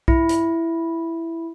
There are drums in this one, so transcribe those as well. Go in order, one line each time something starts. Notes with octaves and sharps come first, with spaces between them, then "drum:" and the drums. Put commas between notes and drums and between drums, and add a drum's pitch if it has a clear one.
E4, drum: kick B1
drum: hi-hat